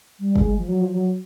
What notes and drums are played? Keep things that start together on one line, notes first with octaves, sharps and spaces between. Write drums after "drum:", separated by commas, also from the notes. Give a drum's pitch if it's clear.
G3
G#3, drum: kick
F3
F#3
F3
F#3